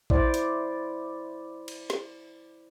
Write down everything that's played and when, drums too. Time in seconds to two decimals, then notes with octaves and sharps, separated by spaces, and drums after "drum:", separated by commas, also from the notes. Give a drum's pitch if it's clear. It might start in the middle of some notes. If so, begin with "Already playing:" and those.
0.10 E4 C5 D5, drum: kick
0.34 drum: hi-hat
1.68 drum: cymbal
1.90 drum: snare